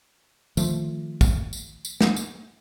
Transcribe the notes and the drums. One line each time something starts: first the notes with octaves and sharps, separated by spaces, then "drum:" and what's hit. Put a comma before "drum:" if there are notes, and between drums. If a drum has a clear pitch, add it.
D#3 F3 A3, drum: tambourine
drum: kick, tambourine
drum: tambourine
drum: tambourine
drum: snare
drum: tambourine